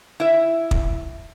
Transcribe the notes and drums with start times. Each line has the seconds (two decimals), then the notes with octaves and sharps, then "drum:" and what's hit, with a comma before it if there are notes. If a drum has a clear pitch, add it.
0.20 E4 E5
0.71 drum: kick